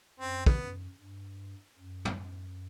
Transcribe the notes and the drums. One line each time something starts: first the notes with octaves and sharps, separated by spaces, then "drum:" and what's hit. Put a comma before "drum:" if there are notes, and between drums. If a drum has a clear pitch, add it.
F#2 C4
B3, drum: kick
F#2
G2
F#2
drum: tom